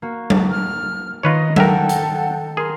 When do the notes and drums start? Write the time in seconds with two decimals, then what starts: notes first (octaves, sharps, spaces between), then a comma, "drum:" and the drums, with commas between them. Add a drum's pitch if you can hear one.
0.02 A#3 F#4
0.30 drum: tom F#3
0.51 F6
1.23 D#3 F4 B4 C#5 D#5
1.56 A4 A#4 E5 F#5 G5, drum: tom F#3
1.89 drum: hi-hat
2.57 G#4 A#4 C6